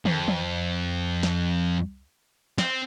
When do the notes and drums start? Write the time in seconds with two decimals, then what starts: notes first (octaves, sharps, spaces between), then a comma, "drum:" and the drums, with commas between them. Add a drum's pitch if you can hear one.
0.05 F2, drum: tom
0.28 drum: tom
1.23 drum: snare
2.58 C4, drum: snare